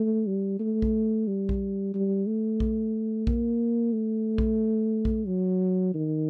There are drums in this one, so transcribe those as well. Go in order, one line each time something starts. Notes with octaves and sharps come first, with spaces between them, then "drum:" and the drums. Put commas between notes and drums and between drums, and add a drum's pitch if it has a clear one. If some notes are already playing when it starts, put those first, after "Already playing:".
Already playing: A3
G3
A3
drum: kick A#1
G3
drum: kick A#1
G3
A3
drum: kick A#1
A#3, drum: kick A#1
A3
drum: kick A#1
drum: kick A#1
F#3
D#3